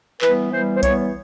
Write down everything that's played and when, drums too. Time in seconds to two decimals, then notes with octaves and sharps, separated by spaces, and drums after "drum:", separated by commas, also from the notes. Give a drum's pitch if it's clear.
0.21 E3 G3 B3 B4, drum: clap
0.52 E3 G3 B3 C5
0.75 C5
0.83 E3 G3 B3 C#5, drum: kick B1, hi-hat